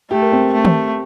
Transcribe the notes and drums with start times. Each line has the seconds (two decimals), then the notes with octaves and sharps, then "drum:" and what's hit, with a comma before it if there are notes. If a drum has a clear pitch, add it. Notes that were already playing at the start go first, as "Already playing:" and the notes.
0.11 A3 G4
0.21 A#4
0.32 C4
0.53 A3
0.65 drum: tom